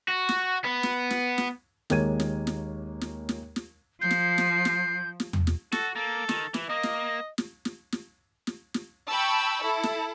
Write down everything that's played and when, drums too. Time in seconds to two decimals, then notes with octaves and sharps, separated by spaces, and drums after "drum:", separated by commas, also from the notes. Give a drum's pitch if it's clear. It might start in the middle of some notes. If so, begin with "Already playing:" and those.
0.09 F#4
0.29 drum: snare
0.65 B3
0.83 drum: snare
1.10 drum: snare
1.38 drum: snare
1.90 D#2 G#3 A#3 C#5 G#6 D#7, drum: snare
2.20 drum: snare
2.47 drum: snare
3.01 drum: snare
3.29 drum: snare
3.56 drum: snare
4.01 F3 G6 C7
4.11 drum: snare
4.38 drum: snare
4.65 drum: snare
5.20 drum: snare
5.33 drum: tom E2
5.47 drum: snare
5.72 F#4 A4, drum: snare
5.96 A#3 A4
6.29 D#3, drum: snare
6.54 E3, drum: snare
6.70 A#3 D#5
6.83 drum: snare
7.38 drum: snare
7.65 drum: snare
7.92 drum: snare
8.47 drum: snare
8.74 drum: snare
9.09 G5 A5 B5 C#6 E6
9.63 E4 A4
9.83 drum: snare